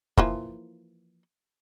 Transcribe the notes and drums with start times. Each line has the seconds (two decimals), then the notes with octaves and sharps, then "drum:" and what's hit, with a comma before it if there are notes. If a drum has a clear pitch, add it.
0.17 E3 F3 A#3, drum: kick